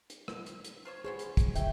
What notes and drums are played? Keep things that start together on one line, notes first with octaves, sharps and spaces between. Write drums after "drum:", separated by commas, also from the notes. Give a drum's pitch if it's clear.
drum: hi-hat
drum: rim click
drum: hi-hat
drum: hi-hat
F4 C5 C#5
B3 G#4 C5 C#5
drum: hi-hat
drum: kick, hi-hat
E5 G5, drum: hi-hat